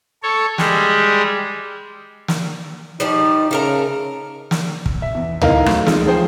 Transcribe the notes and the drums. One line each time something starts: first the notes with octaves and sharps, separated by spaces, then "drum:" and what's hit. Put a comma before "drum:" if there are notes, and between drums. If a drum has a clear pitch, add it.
A4 C#5
G3 G#3, drum: snare
drum: snare
F3 G3 D#4 D5
C#3 A3 A#4 A#5
drum: snare
drum: kick
E5
E2
D#4 E4 A#4 D#5 F5, drum: tom C#2
F#3 A3, drum: rim click
G#3 D#4 F4, drum: snare
F3 G#4 C5 G5